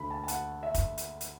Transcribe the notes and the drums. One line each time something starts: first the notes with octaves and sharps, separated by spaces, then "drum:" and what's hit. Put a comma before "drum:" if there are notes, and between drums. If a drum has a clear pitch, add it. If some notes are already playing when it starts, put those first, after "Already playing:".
Already playing: D2 D3 A3 B5
A5
A5
F#5, drum: hi-hat
E5
drum: kick, hi-hat
drum: hi-hat
drum: hi-hat